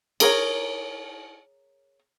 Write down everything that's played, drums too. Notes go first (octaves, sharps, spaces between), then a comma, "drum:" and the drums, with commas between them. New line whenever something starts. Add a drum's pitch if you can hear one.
G#4 A#4 C#5 A#5, drum: cymbal